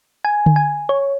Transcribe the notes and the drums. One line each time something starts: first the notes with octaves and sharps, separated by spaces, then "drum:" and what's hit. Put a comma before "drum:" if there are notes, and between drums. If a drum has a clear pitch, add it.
G#5
drum: tom D3
G#5
C#5